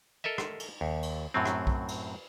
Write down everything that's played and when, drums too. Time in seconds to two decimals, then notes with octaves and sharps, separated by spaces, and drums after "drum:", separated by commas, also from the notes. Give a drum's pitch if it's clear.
0.24 A4 A#4 D#5 E5
0.38 drum: rim click
0.60 drum: cymbal
0.81 D#2
1.03 drum: cymbal
1.34 F#2 A2 F#3 C4
1.45 drum: rim click
1.67 drum: kick B1
1.88 drum: cymbal